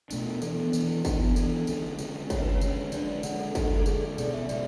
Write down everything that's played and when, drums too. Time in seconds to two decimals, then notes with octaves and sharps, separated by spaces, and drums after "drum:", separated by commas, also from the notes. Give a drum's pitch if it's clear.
0.11 B2 A3 D4, drum: tambourine
0.42 E3 B3 D4 A4, drum: tambourine
0.73 E3 B3 D4, drum: tambourine
1.05 E3 B3 D4, drum: kick, tambourine
1.36 E3 B3 D4 A4, drum: tambourine
1.67 D3 G#3 C#4, drum: tambourine
1.99 D3 G#3 C#4, drum: tambourine
2.30 D3 G#3 C#4 C#5, drum: kick, tambourine
2.42 B4
2.55 C#5
2.61 D3 G#3 C#4, drum: tambourine
2.92 D3 G#3 D4 D5, drum: tambourine
3.23 D3 G#3 D4 F#5, drum: tambourine
3.39 A4
3.55 D3 G#3 D4, drum: kick, tambourine
3.80 A4
3.86 D3 G#3 D4 G#4, drum: tambourine
4.02 A4
4.18 B2 G#3 C#4 D5, drum: tambourine
4.29 D5
4.33 E5
4.49 B2 G#3 C#4 D5, drum: tambourine